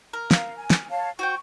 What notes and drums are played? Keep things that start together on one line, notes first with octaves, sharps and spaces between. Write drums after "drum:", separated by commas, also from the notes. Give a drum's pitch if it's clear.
A#4
F5, drum: snare
G#5
drum: snare
C#5 F5 A5
F#4 C5 G5 C#6